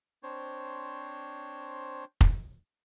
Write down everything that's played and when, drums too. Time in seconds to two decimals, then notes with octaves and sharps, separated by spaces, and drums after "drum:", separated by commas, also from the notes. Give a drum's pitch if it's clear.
0.23 C4 D4 C5 C#5
2.21 drum: kick F1